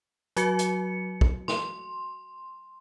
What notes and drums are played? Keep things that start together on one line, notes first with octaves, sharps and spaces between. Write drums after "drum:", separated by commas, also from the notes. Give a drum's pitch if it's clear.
F#3 F#4 C#7, drum: hi-hat
drum: hi-hat
drum: kick
C6, drum: snare